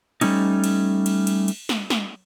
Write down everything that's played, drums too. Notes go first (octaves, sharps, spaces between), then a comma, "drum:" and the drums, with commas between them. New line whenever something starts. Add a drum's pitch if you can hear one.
G3 A3 C#4 D#4, drum: cymbal
drum: cymbal
drum: cymbal
drum: cymbal
drum: cymbal
drum: snare
drum: snare